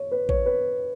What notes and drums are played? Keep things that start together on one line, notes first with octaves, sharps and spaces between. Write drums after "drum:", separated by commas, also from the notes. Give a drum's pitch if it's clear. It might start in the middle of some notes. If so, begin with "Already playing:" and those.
Already playing: C#5
B4
C#5, drum: kick A#1
B4